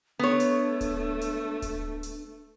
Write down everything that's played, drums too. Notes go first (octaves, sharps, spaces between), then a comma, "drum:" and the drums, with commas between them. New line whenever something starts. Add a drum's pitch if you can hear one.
A3 B3 D4 C#5
drum: hi-hat
drum: kick D1, hi-hat
drum: hi-hat
drum: kick D1, hi-hat
drum: hi-hat